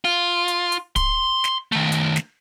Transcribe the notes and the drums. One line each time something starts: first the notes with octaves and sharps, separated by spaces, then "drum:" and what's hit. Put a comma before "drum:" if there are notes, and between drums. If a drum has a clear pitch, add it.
F4
drum: hi-hat
drum: hi-hat
C6, drum: kick, hi-hat
drum: snare
D#3 A3
drum: hi-hat
drum: snare